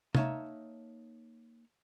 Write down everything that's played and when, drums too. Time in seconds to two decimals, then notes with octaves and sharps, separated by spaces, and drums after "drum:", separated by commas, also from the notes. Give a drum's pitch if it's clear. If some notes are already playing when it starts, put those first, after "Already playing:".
0.15 A#3 D#4 C#5 E5 A5, drum: tom